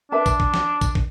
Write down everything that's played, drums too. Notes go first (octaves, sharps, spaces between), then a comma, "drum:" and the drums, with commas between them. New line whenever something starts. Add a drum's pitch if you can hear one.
D4 B4 E5 A5
drum: kick, tambourine
drum: kick
drum: snare
drum: kick, tambourine
drum: kick